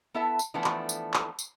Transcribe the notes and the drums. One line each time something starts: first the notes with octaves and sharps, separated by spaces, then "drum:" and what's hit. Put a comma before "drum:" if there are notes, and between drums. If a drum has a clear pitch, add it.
B3 E4 A4 E5 A5
drum: tambourine
E3 F3 A3 B3 D4 A4
drum: clap
drum: tambourine
drum: clap
drum: tambourine